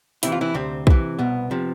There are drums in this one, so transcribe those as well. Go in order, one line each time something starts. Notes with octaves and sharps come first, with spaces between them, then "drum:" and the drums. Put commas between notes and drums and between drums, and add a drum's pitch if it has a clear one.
C3 E3 E4, drum: hi-hat
F4
E3 E4
D2 C3 C4
C3 E3, drum: kick
C2 B2 B3
C3 F3